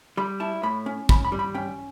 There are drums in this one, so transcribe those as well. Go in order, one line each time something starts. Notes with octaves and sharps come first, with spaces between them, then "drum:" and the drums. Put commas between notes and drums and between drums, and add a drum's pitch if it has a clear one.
G3 B5
E4 A5
A2 B5
C#4
C#4 B5, drum: kick
B5
G3
B5
C#4 G5